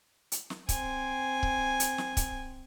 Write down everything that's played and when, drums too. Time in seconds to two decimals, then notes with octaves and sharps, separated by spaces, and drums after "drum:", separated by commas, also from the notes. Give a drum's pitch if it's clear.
0.32 drum: hi-hat
0.50 drum: snare
0.69 C4 G#5, drum: kick C#1, hi-hat
1.43 drum: kick C#1
1.80 drum: hi-hat
1.98 drum: snare
2.17 drum: kick C#1, hi-hat